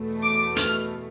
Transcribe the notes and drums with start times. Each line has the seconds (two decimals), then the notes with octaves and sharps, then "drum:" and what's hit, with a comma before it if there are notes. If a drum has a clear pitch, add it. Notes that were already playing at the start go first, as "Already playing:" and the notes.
Already playing: E2 B2 A3
0.23 D6
0.56 F6, drum: hi-hat